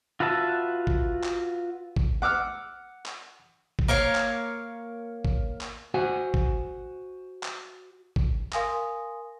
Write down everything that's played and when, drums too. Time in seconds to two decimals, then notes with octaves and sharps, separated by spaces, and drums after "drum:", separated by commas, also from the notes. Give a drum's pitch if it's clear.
0.20 F4 F#4 B4 E5 A5
0.87 drum: kick A1
1.24 drum: clap
1.96 drum: kick A1
2.22 F#5 D6 E6 F6
3.06 drum: clap
3.79 drum: kick A1
3.88 A#3 A#4 C#5 F5
4.15 drum: clap
5.25 drum: kick A1
5.61 drum: clap
5.94 F#4 C5 F#5 G#5
6.34 drum: kick A1
7.43 drum: clap
8.16 drum: kick A1
8.53 A#4 F5 G#5 C6 D#6 A#6, drum: clap